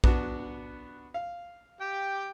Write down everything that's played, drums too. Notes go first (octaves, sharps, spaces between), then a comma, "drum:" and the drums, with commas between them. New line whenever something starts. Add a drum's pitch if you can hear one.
B3 D4 F#4, drum: kick A#1
F5
G4 G5